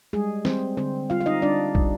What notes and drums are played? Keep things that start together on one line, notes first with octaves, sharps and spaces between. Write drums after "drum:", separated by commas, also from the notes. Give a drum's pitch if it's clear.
G3 G#3 G#4
G3 C4 C5, drum: snare
D3 C4 C5
G3 F4 F5
F5
D#4 D#5
G3 D4 D5
G3, drum: kick